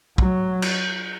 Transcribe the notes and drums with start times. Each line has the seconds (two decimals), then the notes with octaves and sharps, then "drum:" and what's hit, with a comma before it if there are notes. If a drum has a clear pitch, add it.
0.18 F#3, drum: kick
0.62 drum: cymbal